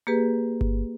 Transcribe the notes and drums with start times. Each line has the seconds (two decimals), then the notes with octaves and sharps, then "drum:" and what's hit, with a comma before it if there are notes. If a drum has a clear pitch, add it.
0.07 A#3 G4 G#4 B4
0.61 drum: kick G1